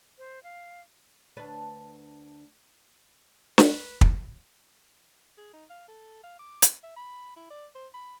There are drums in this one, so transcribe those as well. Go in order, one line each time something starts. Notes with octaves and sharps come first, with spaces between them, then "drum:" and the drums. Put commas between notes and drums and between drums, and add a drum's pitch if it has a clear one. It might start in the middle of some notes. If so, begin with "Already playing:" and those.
C5
F5
D2 D4 B4
B4, drum: snare
drum: kick
G#4
D#4
F5
A4
F5
D6
drum: hi-hat
E5
B5
E4
D5
C5
B5